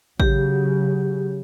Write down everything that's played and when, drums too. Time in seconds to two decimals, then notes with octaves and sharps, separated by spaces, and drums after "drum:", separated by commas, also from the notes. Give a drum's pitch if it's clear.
0.20 C#3 F#3 G4, drum: kick A1